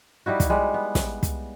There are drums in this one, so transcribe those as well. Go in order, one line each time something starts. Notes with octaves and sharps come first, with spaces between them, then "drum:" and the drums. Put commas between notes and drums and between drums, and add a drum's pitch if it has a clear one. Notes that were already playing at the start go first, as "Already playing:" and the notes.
G3 D#4 E4 F#4
drum: kick, hi-hat
G3 G#3 B3
B3
drum: snare
drum: kick, hi-hat